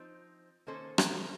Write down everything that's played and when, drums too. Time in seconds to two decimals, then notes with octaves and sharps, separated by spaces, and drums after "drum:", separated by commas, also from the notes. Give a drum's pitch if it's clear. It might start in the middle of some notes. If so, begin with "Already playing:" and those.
Already playing: F3 C4 D#4
0.67 D#3 A#3 C#4 A4 C5
0.98 drum: rim click